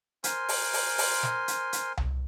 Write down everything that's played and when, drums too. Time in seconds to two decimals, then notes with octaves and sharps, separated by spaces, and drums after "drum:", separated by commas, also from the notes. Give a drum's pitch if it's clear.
0.24 A#4 C5 G#5 C6, drum: hi-hat
0.49 drum: open hi-hat
0.73 drum: open hi-hat
0.98 drum: open hi-hat
1.23 drum: snare
1.48 drum: hi-hat
1.73 drum: hi-hat
1.97 drum: tom C2